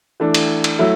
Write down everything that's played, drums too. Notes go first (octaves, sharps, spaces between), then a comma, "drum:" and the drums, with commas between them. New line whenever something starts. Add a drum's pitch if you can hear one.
E3 A3 D4
drum: cymbal
drum: cymbal
F#3 A3 E4